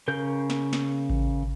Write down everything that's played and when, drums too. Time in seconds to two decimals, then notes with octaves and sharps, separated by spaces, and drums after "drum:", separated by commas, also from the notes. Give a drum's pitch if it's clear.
0.08 C#3 A#4 G6
0.50 drum: snare
0.73 drum: snare
1.10 drum: kick A1